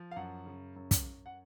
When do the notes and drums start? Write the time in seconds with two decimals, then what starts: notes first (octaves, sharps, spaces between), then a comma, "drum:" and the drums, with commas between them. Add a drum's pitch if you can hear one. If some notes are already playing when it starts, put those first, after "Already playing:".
Already playing: F3
0.11 F5
0.16 F#2 F#5
0.46 C#3
0.76 F#2
0.91 drum: kick, hi-hat
1.06 F#2
1.26 F#5